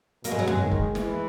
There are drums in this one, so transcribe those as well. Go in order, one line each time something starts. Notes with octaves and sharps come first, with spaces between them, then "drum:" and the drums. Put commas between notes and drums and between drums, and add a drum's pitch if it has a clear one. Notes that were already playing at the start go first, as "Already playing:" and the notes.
B2 A#3, drum: hi-hat
G#3
F#3
G#3, drum: tom F#2
D#3
drum: kick F1
E3, drum: snare